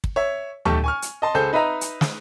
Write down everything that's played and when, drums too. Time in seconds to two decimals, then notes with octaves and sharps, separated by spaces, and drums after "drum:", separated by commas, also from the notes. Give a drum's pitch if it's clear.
0.04 drum: kick
0.16 C#5 E5
0.65 B1 A3 G4 A5 C#6, drum: tom D2
0.84 G#5 C#6 F6
1.02 drum: hi-hat
1.22 D#5 A5 C6
1.34 C#2 G#4 A4 C5 G6
1.53 D#4 B4 D#5 E5 A#5
1.81 drum: hi-hat
2.01 drum: snare